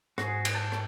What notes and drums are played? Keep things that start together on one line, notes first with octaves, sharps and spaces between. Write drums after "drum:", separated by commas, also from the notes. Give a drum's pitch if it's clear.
G#2 F#4 G#4, drum: rim click
drum: cymbal
G5 A5
drum: rim click